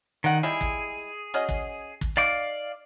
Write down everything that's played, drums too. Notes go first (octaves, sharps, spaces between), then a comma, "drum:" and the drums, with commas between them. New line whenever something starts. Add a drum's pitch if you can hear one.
D#3 G3 F#5
G3 G#3 E4 G#4
drum: kick
C#4 F#4 D#5
drum: kick
drum: kick
D#4 D5 F5 D6